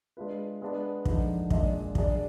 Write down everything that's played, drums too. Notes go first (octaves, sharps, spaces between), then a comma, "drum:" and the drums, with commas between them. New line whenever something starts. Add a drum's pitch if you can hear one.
G#3 D4 F4 B4
G#3 B3 D4
D3 F3 G#3 D#4, drum: kick
A#2 G#3 D4 G#4 D#5, drum: kick
F#3 D4 G#4 D5, drum: kick